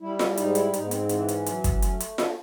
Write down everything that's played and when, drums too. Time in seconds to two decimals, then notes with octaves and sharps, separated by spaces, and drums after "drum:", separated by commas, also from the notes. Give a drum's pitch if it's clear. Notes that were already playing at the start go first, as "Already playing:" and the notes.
0.01 G3 E4
0.19 drum: snare F4
0.30 E4
0.37 G#2 D#4, drum: hi-hat
0.55 E4, drum: hi-hat
0.74 G#2 D#4, drum: hi-hat
0.86 B3
0.91 C4, drum: hi-hat
1.09 E3 C4, drum: hi-hat
1.29 C#4, drum: hi-hat
1.46 F#3, drum: hi-hat
1.64 drum: kick, hi-hat
1.82 A3, drum: hi-hat
2.00 drum: hi-hat
2.18 D4, drum: snare F4